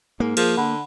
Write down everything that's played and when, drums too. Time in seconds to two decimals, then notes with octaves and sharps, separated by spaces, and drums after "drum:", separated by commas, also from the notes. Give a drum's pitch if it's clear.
0.20 G#2 A#3
0.37 F3 G#4 A#4, drum: cymbal
0.57 D3 F#5 B5